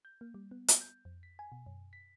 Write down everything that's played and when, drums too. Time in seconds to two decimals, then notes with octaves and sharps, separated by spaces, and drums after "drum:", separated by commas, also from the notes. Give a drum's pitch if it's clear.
0.05 G6
0.21 A#3
0.34 G3
0.51 B3
0.68 drum: hi-hat
0.81 G6
1.05 F2
1.23 B6
1.39 G#5
1.52 B2
1.66 F#2
1.93 B6